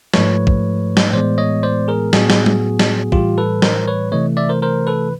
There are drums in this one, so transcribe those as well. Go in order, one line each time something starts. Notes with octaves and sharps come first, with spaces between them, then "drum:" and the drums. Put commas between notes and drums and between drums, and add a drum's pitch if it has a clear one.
G#2 F3 A3 B4 C#5, drum: snare
drum: kick
drum: snare
A2 E3 G#3 B3 C5 D5
C#5 D#5
C5 D5
G#4 A#4
A2 F#3 B3 F#4 G#4, drum: snare
drum: snare
drum: tom
drum: snare
A2 E3 G3 F4 G4, drum: kick
A4 B4
A#4 C5, drum: snare
B4 C#5
C3 E3 A3 C#5 D#5
D5 E5
A#4 C5
A#4 C5
A4 B4